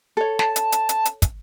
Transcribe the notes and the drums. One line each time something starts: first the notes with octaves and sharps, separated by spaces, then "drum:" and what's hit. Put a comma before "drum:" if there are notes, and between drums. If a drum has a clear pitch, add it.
A4 C#5
A5, drum: snare
drum: hi-hat
drum: hi-hat
drum: hi-hat
drum: hi-hat
drum: kick, hi-hat